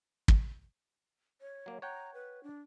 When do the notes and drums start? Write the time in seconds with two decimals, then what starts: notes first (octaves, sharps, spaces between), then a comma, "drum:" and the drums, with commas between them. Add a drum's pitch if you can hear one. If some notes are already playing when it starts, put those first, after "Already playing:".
0.28 drum: kick
1.41 C#5
1.66 F#3 A#3
1.82 C#5 F#5 G5 A#5
2.14 B4
2.43 D4